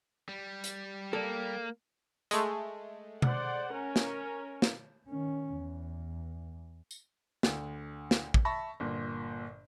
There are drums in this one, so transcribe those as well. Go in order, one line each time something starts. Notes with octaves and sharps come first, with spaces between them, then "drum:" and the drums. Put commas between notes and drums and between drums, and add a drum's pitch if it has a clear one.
G3
drum: hi-hat
A#3 A4 D5
G#3 A3, drum: hi-hat
C5 D5 F#5, drum: tom B2
C#4 A#4
drum: snare
drum: snare
D#3 C#4
E2
drum: tambourine
D2, drum: snare
drum: snare
drum: kick
E5 A5 B5 C#6 A#6
G1 A#2